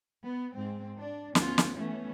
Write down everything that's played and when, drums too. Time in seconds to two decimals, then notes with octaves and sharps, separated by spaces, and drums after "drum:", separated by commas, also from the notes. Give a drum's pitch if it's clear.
0.23 B3
0.53 G#2 G#3 C4
1.00 D4
1.35 D2 B3 C#4 F4, drum: snare
1.58 drum: snare
1.76 E3 A3 B3 C#4